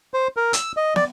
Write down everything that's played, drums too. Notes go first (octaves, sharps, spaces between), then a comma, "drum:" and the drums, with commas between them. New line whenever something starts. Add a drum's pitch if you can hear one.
C5
A#4
E6, drum: hi-hat
D#5
D5, drum: snare